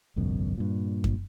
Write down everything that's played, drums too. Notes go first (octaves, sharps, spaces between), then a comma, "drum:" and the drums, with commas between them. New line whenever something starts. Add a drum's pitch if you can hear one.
G#1 C#2 F#2 B2
G2 A#2
drum: kick F#2